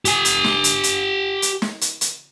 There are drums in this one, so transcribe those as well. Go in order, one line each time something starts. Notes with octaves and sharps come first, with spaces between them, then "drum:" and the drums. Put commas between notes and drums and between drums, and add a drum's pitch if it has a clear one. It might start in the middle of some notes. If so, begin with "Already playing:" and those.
G4 G#5, drum: hi-hat
drum: hi-hat
drum: snare
drum: hi-hat
drum: hi-hat
drum: hi-hat
drum: snare
drum: hi-hat
drum: hi-hat